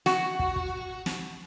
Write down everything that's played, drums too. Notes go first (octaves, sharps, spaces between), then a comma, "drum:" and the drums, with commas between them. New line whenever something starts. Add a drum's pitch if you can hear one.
F#4, drum: snare
drum: kick
drum: kick
drum: snare